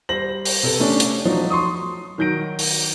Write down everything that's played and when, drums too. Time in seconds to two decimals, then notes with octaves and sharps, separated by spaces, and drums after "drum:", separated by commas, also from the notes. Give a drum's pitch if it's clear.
0.09 G3 C5 A#6 F#7
0.45 drum: open hi-hat
0.63 C3 A4 B4
0.80 A3 C#4 D4
1.00 drum: hi-hat
1.25 F3 F#3 D#4
1.50 C6 C#6 D#6
2.18 D#3 F#3 G6 A#6 D7
2.59 drum: open hi-hat